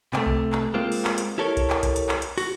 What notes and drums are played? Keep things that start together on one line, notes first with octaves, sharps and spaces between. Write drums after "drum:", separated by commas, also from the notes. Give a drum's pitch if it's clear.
C3 A3, drum: clap
drum: kick B1
drum: clap
G#3 A#3 C4 F4
drum: open hi-hat
drum: clap
drum: hi-hat
E4 G4 A4 A#4 C#5
drum: kick B1, hi-hat
drum: clap
drum: kick B1, hi-hat
drum: hi-hat
drum: clap
drum: hi-hat
F#4, drum: open hi-hat